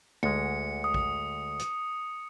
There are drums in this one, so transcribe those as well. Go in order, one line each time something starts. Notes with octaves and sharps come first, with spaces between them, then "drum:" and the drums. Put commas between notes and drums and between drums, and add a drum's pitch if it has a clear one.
D2 G#3 C#7, drum: tom
D#6
drum: kick
drum: hi-hat